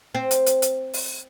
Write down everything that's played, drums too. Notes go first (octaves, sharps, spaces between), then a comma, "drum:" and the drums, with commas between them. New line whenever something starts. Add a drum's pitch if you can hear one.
C4
drum: hi-hat
drum: hi-hat
drum: hi-hat
drum: open hi-hat